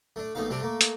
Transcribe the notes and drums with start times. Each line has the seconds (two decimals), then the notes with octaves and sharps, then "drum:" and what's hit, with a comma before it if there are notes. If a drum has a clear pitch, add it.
0.16 A3 D4
0.35 A#1 A3 B3 D#4 F5
0.50 C3 G3 A3 C4 D4 G4
0.62 A3 A#3
0.81 drum: hi-hat